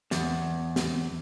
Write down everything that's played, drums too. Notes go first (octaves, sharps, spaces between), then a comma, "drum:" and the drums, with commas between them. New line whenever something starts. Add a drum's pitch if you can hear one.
E2, drum: snare
drum: snare